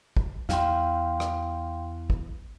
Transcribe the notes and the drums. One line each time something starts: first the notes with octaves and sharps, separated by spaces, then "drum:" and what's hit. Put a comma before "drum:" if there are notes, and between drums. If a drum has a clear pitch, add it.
drum: kick
E2 F5 G5 C6, drum: snare
drum: rim click
drum: kick